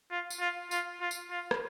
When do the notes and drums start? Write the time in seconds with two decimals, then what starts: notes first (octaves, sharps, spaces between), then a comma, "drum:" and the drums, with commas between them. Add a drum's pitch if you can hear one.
0.11 F4
0.30 drum: tambourine
0.40 F4
0.71 F4, drum: tambourine
1.01 F4
1.11 drum: tambourine
1.31 F4
1.51 drum: rim click